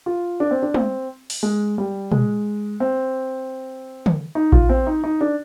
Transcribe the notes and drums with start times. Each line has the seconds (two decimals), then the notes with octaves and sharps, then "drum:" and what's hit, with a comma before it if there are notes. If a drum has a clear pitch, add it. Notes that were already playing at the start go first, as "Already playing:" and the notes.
0.06 F4
0.40 D4
0.51 C4
0.62 D4
0.74 C4, drum: tom
1.30 drum: open hi-hat
1.43 G#3
1.78 G3
2.12 G#3, drum: tom
2.80 C4
4.06 drum: tom
4.35 D#4
4.52 F4, drum: kick A#1
4.69 C4
4.87 D#4
5.04 D#4
5.21 D4